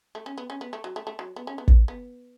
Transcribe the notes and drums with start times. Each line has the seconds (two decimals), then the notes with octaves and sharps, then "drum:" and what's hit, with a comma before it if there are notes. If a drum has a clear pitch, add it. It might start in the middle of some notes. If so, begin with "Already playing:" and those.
0.15 A3
0.26 C#4
0.38 B3
0.50 C#4
0.61 B3
0.73 A3
0.84 F#3
0.96 A3
1.07 A3
1.19 F#3
1.36 B3
1.47 C#4
1.58 B3
1.68 drum: kick
1.88 B3